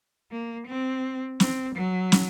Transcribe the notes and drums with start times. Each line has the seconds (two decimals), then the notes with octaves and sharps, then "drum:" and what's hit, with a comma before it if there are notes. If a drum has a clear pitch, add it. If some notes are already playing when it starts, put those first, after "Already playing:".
0.31 A#3
0.67 C4
1.40 C4, drum: snare
1.75 F#3
2.12 drum: snare